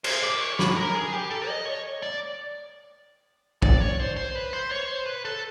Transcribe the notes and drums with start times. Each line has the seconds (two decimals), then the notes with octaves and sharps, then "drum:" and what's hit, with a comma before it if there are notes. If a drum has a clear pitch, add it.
0.04 C5, drum: cymbal
0.22 D5
0.41 C#5
0.59 B4, drum: snare
0.76 A#4
0.95 G#4
1.13 G4
1.30 A4
1.48 D#5
1.65 C#5
2.02 D5
3.62 D5, drum: kick
3.81 C#5
3.99 C5
4.16 C5
4.35 B4
4.53 C5
4.71 C#5
4.88 C5
5.06 B4
5.25 A4